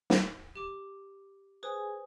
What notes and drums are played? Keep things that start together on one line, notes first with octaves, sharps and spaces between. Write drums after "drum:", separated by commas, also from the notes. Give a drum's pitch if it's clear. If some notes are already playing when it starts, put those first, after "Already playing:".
drum: snare
G4 D6
G#4 B4 C5 G#5 D#6